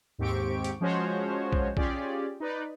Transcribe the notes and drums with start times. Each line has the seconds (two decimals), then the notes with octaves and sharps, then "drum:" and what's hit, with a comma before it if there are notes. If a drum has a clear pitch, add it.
0.19 D#2 G#2 C4 G4 C#6 D7
0.64 drum: hi-hat
0.80 F3 G#3 C#4 F#4 C5 C#5
1.53 drum: kick
1.77 C#4 F4 G4 G#4 D5, drum: kick
2.40 D#4 B4 D5